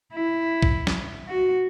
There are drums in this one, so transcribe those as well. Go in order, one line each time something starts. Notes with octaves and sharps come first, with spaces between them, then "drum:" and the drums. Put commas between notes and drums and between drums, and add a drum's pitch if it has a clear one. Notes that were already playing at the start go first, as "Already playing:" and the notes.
E4
drum: kick
drum: snare
F#4